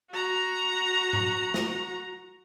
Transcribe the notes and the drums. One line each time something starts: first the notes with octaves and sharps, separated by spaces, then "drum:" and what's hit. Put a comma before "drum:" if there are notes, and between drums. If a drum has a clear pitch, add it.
F#4 A#5
drum: tom G#2
drum: snare